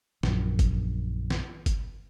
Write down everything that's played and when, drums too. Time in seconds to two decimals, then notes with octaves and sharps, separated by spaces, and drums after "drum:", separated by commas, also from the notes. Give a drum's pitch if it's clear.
0.23 A#1 F#2, drum: snare
0.59 drum: kick, hi-hat
1.30 drum: snare
1.66 drum: kick, hi-hat